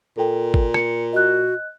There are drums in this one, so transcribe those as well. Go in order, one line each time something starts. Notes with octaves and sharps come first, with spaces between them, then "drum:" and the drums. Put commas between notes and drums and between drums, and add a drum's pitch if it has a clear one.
A#2 A4 G5
drum: kick G#1
C#7, drum: rim click
F#4 D#5 F#6